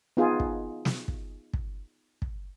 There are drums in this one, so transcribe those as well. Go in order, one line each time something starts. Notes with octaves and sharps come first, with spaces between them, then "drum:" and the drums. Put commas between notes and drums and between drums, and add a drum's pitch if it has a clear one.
B3 D#4 F4 G#4
drum: kick
drum: snare
drum: kick
drum: kick
drum: kick